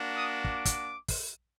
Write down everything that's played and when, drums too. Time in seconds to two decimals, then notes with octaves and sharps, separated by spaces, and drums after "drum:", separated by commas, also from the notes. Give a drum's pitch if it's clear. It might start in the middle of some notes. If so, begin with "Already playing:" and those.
Already playing: A#3 D4 F#4
0.15 D#6
0.44 D6, drum: kick
0.65 drum: kick, hi-hat
1.08 drum: kick, open hi-hat